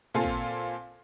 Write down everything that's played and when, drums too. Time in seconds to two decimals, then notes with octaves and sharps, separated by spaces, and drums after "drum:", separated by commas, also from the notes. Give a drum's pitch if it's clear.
0.14 A#2 C4 F4 A4 F5 G#5
0.24 drum: kick